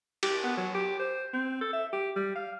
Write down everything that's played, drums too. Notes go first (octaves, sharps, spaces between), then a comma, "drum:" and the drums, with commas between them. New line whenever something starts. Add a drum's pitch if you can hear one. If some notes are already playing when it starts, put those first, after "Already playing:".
G4, drum: cymbal
B3
F#3
G4
C5
C4
A4
E5
G4
G3
F5